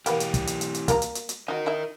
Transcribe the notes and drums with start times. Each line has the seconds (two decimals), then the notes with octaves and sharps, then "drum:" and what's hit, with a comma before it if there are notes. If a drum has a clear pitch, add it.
0.06 E3 A#3 B3 G4 B4, drum: hi-hat
0.20 drum: hi-hat
0.34 drum: kick, hi-hat
0.47 drum: hi-hat
0.61 drum: hi-hat
0.75 drum: hi-hat
0.88 A#3 A#4 A#5, drum: kick, hi-hat
1.02 drum: hi-hat
1.15 drum: hi-hat
1.29 drum: hi-hat
1.48 D#4 F#4 A#4 D#5
1.66 D#4 E4 E5